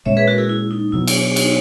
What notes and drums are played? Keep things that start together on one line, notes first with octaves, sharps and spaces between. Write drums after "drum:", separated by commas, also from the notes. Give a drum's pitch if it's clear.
A#2 G#3 C#4 C#5 E5
G#4 B4
F#4 A#4
E4 G#4
E4
D#4
B2 F#3 B3 E4
drum: cymbal
D#4 F#4, drum: cymbal